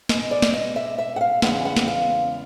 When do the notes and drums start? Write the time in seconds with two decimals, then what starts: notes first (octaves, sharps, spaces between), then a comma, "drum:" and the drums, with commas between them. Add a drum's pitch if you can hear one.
0.09 B2 G#3, drum: snare
0.31 D5
0.42 drum: snare
0.54 D#5
0.76 E5
0.98 E5
1.16 F#5
1.21 F5
1.42 E2 C#3 E3 G#3 F#5, drum: snare
1.65 F#5
1.76 drum: snare
1.88 F5